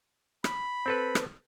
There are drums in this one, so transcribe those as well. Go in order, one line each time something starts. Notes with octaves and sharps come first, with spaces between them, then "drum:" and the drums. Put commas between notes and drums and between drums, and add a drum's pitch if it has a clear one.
B5, drum: rim click
C4 A4 B4
drum: rim click